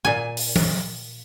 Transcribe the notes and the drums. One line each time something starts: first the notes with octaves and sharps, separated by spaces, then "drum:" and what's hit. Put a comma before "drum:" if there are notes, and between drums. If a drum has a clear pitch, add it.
A#2 G#5
drum: open hi-hat
drum: tom E3